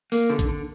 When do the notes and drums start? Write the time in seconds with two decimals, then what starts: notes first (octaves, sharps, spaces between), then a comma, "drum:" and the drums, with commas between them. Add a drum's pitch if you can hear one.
0.12 A#3, drum: open hi-hat
0.30 D3
0.39 drum: kick, hi-hat
0.48 D3